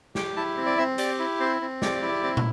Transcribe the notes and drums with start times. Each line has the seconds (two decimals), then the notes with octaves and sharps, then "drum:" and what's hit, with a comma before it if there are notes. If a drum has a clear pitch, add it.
0.15 G4 G5, drum: snare
0.36 E4 A5
0.57 C4
0.66 D5
0.78 C4 E5
0.98 G4 D5, drum: hi-hat
1.19 E4
1.40 C4 C5
1.61 C4
1.82 G4 D5, drum: snare
2.02 E4
2.23 C4
2.37 drum: tom